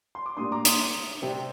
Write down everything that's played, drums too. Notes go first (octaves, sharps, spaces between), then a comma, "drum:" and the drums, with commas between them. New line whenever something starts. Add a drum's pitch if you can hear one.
C6
D6
A#2 G3 A#3 D4 C6 D#6
A#5 D6
C6 D#6, drum: hi-hat
C3 G3 C4